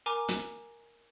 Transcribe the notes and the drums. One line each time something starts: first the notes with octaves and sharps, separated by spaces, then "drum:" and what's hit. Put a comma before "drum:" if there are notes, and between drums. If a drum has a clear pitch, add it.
A#4 G#5 A#5 D6
drum: hi-hat